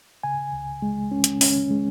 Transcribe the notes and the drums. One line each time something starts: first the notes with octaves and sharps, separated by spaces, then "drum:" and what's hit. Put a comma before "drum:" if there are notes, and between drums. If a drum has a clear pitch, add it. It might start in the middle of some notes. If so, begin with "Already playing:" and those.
C#3 G#5
C#2
G#3
C#4
drum: hi-hat
C#4, drum: open hi-hat
G#3